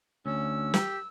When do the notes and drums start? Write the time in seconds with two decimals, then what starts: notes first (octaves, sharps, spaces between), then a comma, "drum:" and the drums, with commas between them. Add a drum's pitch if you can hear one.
0.26 D2 C#4 E6
0.74 G4, drum: snare